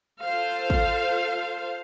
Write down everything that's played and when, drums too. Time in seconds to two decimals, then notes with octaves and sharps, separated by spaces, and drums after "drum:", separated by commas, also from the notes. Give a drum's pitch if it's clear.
0.23 F4 A4 C5 F5
0.70 drum: kick